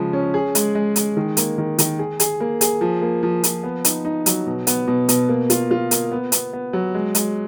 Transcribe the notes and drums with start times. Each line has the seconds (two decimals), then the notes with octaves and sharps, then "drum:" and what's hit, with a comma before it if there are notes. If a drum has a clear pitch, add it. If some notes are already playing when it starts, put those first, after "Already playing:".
Already playing: C#3 F3 G#3
0.13 C#4
0.34 G#4
0.55 G#3, drum: hi-hat
0.75 G#3
0.96 G#3, drum: hi-hat
1.17 D#3
1.37 A#3, drum: hi-hat
1.58 D#3
1.78 D#3, drum: hi-hat
1.99 G#4
2.20 G#4, drum: hi-hat
2.40 A#3
2.61 G#4, drum: hi-hat
2.81 F3
3.02 A#3
3.23 F3
3.44 F3, drum: hi-hat
3.63 B3
3.85 D#4, drum: hi-hat
4.05 D#4
4.26 F#3, drum: hi-hat
4.46 B2
4.67 B3, drum: hi-hat
4.88 B2
5.09 B2, drum: hi-hat
5.29 A#3
5.50 F4, drum: hi-hat
5.71 F4
5.91 A#3, drum: hi-hat
6.11 B3
6.32 B3, drum: hi-hat
6.53 B3
6.73 F#3
6.94 G#3
7.15 G#3, drum: hi-hat